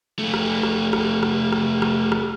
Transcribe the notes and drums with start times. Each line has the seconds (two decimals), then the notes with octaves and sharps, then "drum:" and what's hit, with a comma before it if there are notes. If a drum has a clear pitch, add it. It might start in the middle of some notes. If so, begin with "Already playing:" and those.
0.19 F2 A3
0.34 drum: rim click
0.63 drum: rim click
0.93 drum: rim click
1.23 drum: rim click
1.52 drum: rim click
1.82 drum: rim click
2.12 drum: rim click